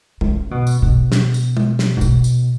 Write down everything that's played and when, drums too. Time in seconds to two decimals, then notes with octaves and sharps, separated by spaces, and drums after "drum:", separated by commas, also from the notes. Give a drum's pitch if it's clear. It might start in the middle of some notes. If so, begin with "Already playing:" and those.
0.21 C#3, drum: tom
0.51 B2
0.67 drum: tambourine
0.82 B2
1.12 drum: snare
1.34 drum: tambourine
1.57 drum: tom
1.79 drum: snare
1.97 G#2
2.01 B2, drum: tambourine
2.24 drum: tambourine